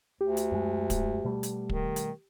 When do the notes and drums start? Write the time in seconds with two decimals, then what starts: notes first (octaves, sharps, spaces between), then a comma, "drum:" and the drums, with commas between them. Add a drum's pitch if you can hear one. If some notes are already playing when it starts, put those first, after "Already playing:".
0.21 D2 G4
0.37 drum: hi-hat
0.52 F#2 G#3
0.90 drum: kick, hi-hat
1.25 B2 G3 A3
1.43 drum: hi-hat
1.69 D#3, drum: kick
1.96 drum: hi-hat